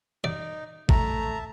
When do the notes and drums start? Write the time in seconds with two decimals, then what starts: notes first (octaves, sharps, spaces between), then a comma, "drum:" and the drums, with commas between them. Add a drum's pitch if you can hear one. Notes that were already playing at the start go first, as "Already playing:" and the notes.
0.24 D#4 D5
0.89 A3 E5 A5 A#5, drum: kick